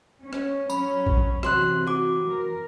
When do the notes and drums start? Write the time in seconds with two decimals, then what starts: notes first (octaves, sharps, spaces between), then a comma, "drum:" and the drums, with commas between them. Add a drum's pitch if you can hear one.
0.23 C#4
0.33 drum: rim click
0.70 F#3 C#4 B5, drum: tambourine
1.07 drum: kick A#1
1.43 C3 E3 F#4 C6 F#6, drum: rim click
1.87 F#4 D6
2.29 A#4